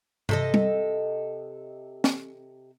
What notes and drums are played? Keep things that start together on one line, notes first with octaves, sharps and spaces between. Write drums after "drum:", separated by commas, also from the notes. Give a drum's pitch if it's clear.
C3 A4 D#5, drum: tom G2
drum: tom G3
drum: snare